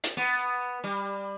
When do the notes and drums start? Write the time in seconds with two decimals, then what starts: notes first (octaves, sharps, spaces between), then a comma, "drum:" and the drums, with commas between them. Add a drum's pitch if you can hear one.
0.04 drum: hi-hat
0.17 B3
0.84 G3